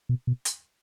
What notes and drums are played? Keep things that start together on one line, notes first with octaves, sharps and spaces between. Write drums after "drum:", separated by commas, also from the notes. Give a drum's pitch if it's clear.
B2
B2
drum: hi-hat